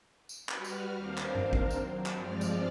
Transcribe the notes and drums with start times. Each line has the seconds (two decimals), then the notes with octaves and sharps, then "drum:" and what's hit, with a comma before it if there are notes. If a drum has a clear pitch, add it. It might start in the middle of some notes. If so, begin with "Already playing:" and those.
0.29 drum: tambourine
0.49 G3 F#4 B4 F6, drum: clap
0.64 drum: tambourine
0.97 D#2 C4 D4 A#4 C5 F5
1.17 drum: clap
1.35 drum: tom G2
1.53 drum: kick
1.70 F#3, drum: tambourine
2.06 drum: clap
2.15 G2 F3 G#3 C4 D5 F6
2.41 drum: tambourine